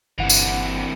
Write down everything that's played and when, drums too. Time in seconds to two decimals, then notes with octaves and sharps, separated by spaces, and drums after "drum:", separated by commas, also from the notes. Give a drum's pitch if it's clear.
0.18 G1 C3 E3 F#5
0.30 drum: tambourine